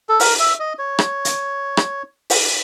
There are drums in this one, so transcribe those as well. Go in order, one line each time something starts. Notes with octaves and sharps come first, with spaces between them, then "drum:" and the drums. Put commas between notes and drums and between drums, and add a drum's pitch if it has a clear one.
A4
A#4, drum: open hi-hat
E5
D#5
C#5
drum: rim click
drum: hi-hat
drum: rim click
drum: open hi-hat